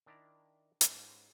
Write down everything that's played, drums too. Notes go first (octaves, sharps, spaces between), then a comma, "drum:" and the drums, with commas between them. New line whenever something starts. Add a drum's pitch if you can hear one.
D#3 D4 E4 D5 A#5
G#2 C#4 G4 B4 C5, drum: hi-hat